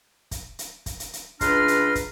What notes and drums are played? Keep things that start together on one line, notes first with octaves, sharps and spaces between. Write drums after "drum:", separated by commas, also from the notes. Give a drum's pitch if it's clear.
drum: kick, hi-hat
drum: hi-hat
drum: kick, hi-hat
drum: hi-hat
drum: hi-hat
C#2 D4 B4 A#5 C6 F6, drum: kick, hi-hat
drum: hi-hat
drum: kick, hi-hat